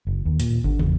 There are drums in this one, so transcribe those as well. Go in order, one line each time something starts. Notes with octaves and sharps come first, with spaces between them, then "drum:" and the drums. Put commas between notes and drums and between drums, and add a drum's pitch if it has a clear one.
F#1
D#2
A#2, drum: hi-hat
D3, drum: kick G1
E2, drum: tom